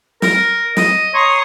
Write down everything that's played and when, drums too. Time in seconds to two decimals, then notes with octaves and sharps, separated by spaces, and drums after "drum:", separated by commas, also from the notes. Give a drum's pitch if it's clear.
0.22 A#4, drum: snare
0.77 D#5, drum: snare
1.14 C#5 A#5 C6 D#6